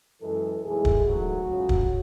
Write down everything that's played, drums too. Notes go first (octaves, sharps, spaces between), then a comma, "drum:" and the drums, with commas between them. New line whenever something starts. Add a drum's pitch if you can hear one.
F#2 E3 G#3 A4
B1 A2 E3 G#3 G#4
drum: kick
A1 G#2 F#3 A3 F#4
C#2 C#3 F#3
drum: kick